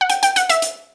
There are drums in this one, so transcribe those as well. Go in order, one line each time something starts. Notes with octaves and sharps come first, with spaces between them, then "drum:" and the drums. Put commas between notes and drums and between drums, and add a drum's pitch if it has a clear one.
F#5
G5, drum: hi-hat
G5, drum: hi-hat
F#5, drum: hi-hat
E5, drum: hi-hat
drum: hi-hat